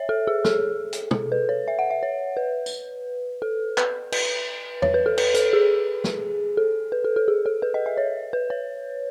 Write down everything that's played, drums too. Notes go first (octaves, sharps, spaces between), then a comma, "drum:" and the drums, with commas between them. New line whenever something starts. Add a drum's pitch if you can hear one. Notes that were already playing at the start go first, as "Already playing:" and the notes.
Already playing: C#5 E5
A4
G#4
A4, drum: snare
drum: hi-hat
drum: tom
B4
C#5
E5
F#5
E5
C#5
B4
drum: tambourine
A4
B4, drum: clap
B4, drum: cymbal
C#5, drum: tom E2
B4
A4
B4, drum: cymbal
A4, drum: hi-hat
G#4
drum: snare
A4
B4
A4
A4
G#4
A4
B4
D#5
E5
C#5
B4
C#5